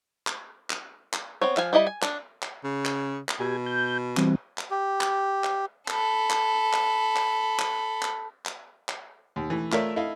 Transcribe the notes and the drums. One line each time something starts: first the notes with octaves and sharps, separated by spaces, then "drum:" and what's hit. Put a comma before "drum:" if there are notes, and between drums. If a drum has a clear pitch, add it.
drum: clap
drum: clap
drum: clap
B3 C4 C#5
F3 F5 G#5, drum: clap
G3 E4 D#5 A#5 B5
G#5
D4, drum: clap
drum: clap
C#3
drum: clap
drum: clap
B2 G4 G#5
G6
E3 G3 C4, drum: clap
drum: clap
G4
drum: clap
drum: clap
A4 B5, drum: clap
drum: clap
drum: clap
drum: clap
drum: clap
drum: clap
drum: clap
drum: clap
D#2
E3 A3
A3 F4 A#4 C#5 D5 E5, drum: clap
E4 A4 D#5 F5